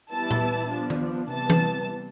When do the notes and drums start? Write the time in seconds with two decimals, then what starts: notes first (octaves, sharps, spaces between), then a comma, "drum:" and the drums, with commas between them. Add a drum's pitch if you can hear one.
0.11 E3 G3 B3 E4 A5
0.31 drum: tom A#2
0.71 F3 B3 D4
0.90 drum: tom D#3
1.29 C3 E3 G3 B3 A5
1.50 drum: tom E3